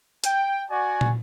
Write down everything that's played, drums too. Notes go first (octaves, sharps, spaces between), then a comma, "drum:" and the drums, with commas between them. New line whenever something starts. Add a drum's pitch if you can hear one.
G5, drum: hi-hat
F#4 D5 G#5
drum: tom